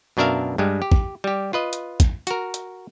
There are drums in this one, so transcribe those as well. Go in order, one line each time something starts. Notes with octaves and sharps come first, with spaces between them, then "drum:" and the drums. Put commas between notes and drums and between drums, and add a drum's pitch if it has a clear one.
F#2 B2 D4 A#4 E5 F5
G2 G3 G#3
G4
drum: kick
G3 G4
F4 B4 D#5
drum: hi-hat
drum: kick, hi-hat
F#4 A#4, drum: hi-hat
drum: hi-hat